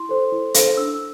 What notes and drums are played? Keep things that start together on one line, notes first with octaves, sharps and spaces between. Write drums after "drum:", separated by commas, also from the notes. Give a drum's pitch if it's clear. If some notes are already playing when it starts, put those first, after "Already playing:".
Already playing: E4 C6
A4 C5
E4
A4 C5, drum: hi-hat
D4 E6